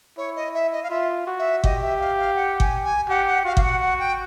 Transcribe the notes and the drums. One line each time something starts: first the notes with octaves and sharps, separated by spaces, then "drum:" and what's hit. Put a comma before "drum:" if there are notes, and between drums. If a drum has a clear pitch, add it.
E4 C#5
D#5
E5
D#5
F5
F4 E5
F#4
E5
G4 D#5, drum: kick G1
E5
F5
F5
F#5
G#5, drum: kick G1
G#5
G4 F#5
F#5
F#4 F5
F5, drum: kick G1
F#5
F#5
G5